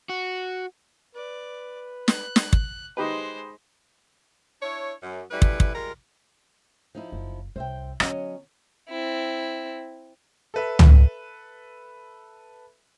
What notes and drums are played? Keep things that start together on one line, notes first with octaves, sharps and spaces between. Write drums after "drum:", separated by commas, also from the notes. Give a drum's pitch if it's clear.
F#4
B4 D5
F#6, drum: snare
drum: snare
drum: kick
G#3 D#4 G4 B4 C5
D4 E4 C#5
F#2
F#2 G3 A3 E4 B4
drum: kick
drum: kick
G3 G#3 F4 A#4
F3 D#4 E4
F#1
C2 C5 E5 G5
D3 F#3 B3 C#4 D#5, drum: rim click
C4 E4
A4 B4 E5
drum: tom C#2